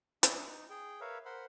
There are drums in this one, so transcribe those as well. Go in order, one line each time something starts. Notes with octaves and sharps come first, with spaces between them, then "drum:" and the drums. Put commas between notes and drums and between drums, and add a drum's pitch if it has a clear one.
D4 E5 C#6 D#6, drum: hi-hat
D#4
G#4 G5
A#4 B4 C#5 E5 F5
A#4 C5 F#5 B5 C6